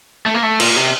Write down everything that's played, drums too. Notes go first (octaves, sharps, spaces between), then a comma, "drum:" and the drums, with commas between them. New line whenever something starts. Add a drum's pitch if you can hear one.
A3
A#3
A3
A#2, drum: cymbal
C3